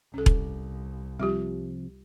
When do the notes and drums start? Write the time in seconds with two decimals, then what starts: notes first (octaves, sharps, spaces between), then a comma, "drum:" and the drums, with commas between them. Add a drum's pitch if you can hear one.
0.14 C2 C#4 A4
0.26 drum: kick E1
1.20 C3 F3 G3 F4 G4